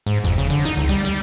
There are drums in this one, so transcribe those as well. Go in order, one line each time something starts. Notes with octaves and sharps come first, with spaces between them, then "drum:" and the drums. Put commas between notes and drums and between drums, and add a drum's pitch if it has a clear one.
G#2
F2, drum: kick F1, hi-hat
C#3
D3
D#4, drum: hi-hat
C#2
G3, drum: hi-hat
G3